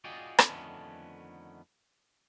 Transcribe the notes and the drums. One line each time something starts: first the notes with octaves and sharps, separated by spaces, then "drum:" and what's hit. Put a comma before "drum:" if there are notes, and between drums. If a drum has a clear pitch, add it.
F4 F#4 G#4 D5 D#5 G5
drum: rim click
F2 D3 D#3 A3 B3 C#4